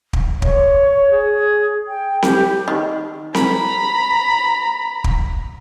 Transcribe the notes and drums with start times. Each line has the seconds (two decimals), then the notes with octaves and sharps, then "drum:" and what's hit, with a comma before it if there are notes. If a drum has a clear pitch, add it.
0.13 drum: kick
0.42 C#5, drum: kick
1.11 G#4
1.88 G5
2.22 G4, drum: snare C4
2.68 D#3
3.35 A#5 B5, drum: snare C4
5.04 drum: kick